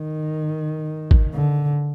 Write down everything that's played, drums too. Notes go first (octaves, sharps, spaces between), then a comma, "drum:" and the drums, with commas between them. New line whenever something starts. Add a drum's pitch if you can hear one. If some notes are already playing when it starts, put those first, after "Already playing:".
Already playing: D#3
drum: kick G#1
D3